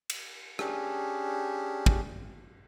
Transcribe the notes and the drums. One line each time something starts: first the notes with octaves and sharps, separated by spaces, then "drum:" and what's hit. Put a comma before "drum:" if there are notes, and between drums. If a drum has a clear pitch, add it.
drum: cymbal
C#4 D4 G4 G#4, drum: rim click
drum: kick